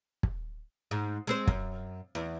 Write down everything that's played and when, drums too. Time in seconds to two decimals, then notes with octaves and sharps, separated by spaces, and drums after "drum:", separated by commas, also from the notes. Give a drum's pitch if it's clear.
0.23 drum: kick
0.91 G#2
1.27 G#3 C4 C5
1.47 F#2, drum: kick
2.15 E2